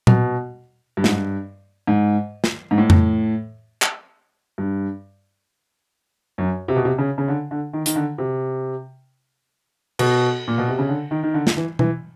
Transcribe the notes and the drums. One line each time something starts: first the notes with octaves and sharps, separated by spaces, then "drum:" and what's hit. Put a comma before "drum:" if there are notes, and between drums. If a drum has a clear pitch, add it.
B2, drum: tom A#2
G2
G#2, drum: snare
G2
G#2
drum: snare
G#2
A2
drum: tom F2
drum: clap
G2
F#2
C3
B2
C3
C#3
C#3
D3
D3
D#3
D#3, drum: hi-hat
D3
C3
B2, drum: cymbal
A#2
B2
C3
C#3
D3
D#3
D#3
D3
drum: snare
E3
E3, drum: tom B2